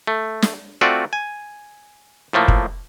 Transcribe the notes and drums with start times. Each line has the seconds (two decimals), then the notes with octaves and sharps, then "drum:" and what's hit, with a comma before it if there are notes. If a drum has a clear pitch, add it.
0.07 A3
0.42 drum: snare
0.81 A3 C4 F4 F#4 D5
1.13 G#5
2.33 A2 F3 A3 A#3
2.48 drum: kick